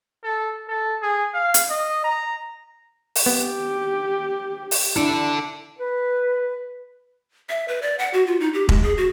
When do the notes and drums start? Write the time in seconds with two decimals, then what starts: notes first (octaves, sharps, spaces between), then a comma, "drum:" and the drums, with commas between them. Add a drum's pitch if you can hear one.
0.24 A4
0.69 A4
1.02 G#4
1.34 F5
1.54 drum: hi-hat
1.70 D#5
2.04 A#5
3.15 drum: open hi-hat
3.26 B3 G4
4.71 drum: open hi-hat
4.96 D4 E4 A4 D5
5.79 B4
7.49 E5
7.68 B4
7.82 D5
7.99 F#5
8.13 F#4
8.27 F4
8.40 D#4
8.54 G4
8.69 G#3, drum: kick E1
8.83 G#4
8.98 F#4